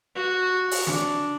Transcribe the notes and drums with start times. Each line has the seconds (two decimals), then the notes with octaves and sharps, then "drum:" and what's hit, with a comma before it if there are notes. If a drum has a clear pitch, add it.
0.16 F#4
0.72 drum: open hi-hat
0.87 D4, drum: snare